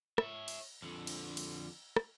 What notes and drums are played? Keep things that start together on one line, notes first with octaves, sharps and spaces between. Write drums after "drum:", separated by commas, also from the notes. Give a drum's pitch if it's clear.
C#5 E5, drum: rim click
drum: cymbal
F2 D3
drum: cymbal
drum: cymbal
drum: rim click